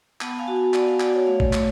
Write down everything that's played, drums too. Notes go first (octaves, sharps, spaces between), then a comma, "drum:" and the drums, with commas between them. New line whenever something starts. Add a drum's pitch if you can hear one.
B3 F#5 A5, drum: clap
F5 G#5
F#4
F5 G#5
B3 D5 F#5, drum: clap
F5 G#5
F#4 D5 F#5, drum: clap
C#5 F5
A3 C#5 F5
drum: kick A1
A3, drum: clap